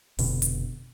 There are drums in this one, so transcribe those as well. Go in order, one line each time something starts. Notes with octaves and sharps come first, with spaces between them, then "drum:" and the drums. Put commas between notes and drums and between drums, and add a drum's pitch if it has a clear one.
F1 B2 D3, drum: open hi-hat
drum: hi-hat